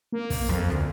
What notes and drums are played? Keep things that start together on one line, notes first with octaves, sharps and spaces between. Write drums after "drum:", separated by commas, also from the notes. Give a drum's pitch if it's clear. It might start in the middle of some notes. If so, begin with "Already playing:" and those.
A#3
drum: kick, open hi-hat
F2, drum: rim click
D2, drum: rim click